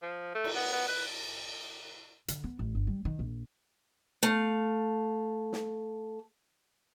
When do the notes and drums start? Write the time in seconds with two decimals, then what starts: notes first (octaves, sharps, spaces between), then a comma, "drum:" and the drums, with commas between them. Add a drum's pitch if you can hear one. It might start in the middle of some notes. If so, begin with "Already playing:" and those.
0.02 F3
0.35 A3
0.44 drum: cymbal
0.55 B3
0.72 B3
0.88 B4
2.28 D3, drum: hi-hat
2.44 B3
2.59 A1
2.75 G1
2.87 G3
3.05 D#3
3.19 A#1
4.23 A3 F5
5.53 drum: snare